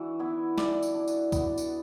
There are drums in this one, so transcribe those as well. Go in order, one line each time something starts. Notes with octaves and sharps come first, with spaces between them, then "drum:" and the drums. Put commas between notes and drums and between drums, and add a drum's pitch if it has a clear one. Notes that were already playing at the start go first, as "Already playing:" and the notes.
Already playing: E3 D4 F#4
B3 E4
E3 D5, drum: snare
drum: tambourine
D4
drum: tambourine
B3, drum: kick C#2, tambourine
drum: tambourine